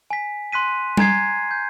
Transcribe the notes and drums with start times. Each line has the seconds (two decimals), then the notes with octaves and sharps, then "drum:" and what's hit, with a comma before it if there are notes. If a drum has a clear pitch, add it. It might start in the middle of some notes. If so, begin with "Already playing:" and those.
0.11 G#5 B6
0.52 C6 F#6 B6 D#7
0.97 G#5 A#5 G#6 C7, drum: tom G3
1.51 G6